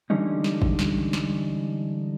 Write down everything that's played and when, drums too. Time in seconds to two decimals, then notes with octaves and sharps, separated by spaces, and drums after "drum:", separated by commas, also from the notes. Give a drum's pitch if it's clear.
0.10 D3 E3 G3 G#3 C#4 D#4
0.44 drum: snare
0.62 drum: kick
0.79 drum: snare
1.13 drum: snare